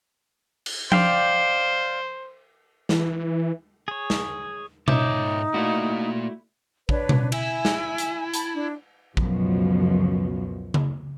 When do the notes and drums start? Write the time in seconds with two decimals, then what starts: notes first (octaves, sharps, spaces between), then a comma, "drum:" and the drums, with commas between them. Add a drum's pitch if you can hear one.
0.66 drum: cymbal
0.92 C5 D5 F5 G5, drum: tom F3
2.89 E3, drum: snare
3.88 G#4 C#5
4.10 drum: snare
4.88 G#2 D#4 C#5 E5 D6 G6, drum: tom B2
5.54 A3 A#3 E4 F#4 D5 F5
6.89 D4 B4 C#5, drum: kick A#1
7.09 drum: tom B2
7.32 E4 G#5, drum: cymbal
7.65 drum: snare
7.98 drum: hi-hat
8.34 A5 B5, drum: hi-hat
8.53 D4
9.17 C#2 F#2 B2 F3, drum: kick A#1
10.74 drum: tom C#3